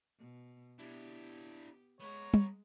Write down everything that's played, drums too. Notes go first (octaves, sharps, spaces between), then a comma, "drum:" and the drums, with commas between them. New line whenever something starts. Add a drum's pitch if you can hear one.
B2
B3 D4 E4 G4
G#3 B3 C#5 A#5
drum: tom